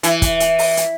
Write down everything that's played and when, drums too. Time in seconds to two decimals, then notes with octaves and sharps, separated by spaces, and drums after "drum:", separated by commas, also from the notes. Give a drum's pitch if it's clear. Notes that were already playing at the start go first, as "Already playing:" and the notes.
0.03 E3, drum: hi-hat
0.22 drum: kick, hi-hat
0.40 drum: hi-hat
0.59 drum: open hi-hat
0.77 drum: hi-hat